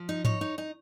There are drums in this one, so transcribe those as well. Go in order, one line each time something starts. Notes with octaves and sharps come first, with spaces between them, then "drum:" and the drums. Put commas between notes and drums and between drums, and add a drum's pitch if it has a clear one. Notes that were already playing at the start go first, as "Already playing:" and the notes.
Already playing: F3
D#4
D#4 C#5, drum: tom G#2
D#4
D#4